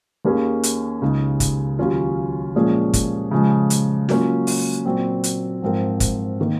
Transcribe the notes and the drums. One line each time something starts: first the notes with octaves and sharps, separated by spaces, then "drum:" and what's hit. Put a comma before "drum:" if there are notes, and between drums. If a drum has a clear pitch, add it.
D#2 D#3 A#3 C#4 G#4
drum: hi-hat
C#2 C#3 G#3 D#4
drum: kick, hi-hat
D#2 C#3 F#3 C#4 F4
A#2 F3 G#3 C#4 G#4
drum: kick, hi-hat
C#3 F3 G#3
drum: hi-hat
F#3 A#3 C#4 F4, drum: snare
drum: open hi-hat
A#2 F#3 C4
drum: hi-hat
G#2 F3 C4 F4 A#4
drum: kick, hi-hat
D#3 A#3